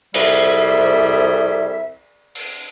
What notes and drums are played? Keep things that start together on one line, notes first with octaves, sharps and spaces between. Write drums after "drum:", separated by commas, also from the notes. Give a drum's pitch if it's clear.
C2 F2 G3 G#4 E5, drum: cymbal
drum: open hi-hat